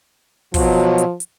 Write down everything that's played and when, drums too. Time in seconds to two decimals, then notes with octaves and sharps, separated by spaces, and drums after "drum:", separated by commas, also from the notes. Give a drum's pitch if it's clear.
0.54 B2 F3 F#3, drum: kick, open hi-hat
0.98 drum: hi-hat
1.20 drum: hi-hat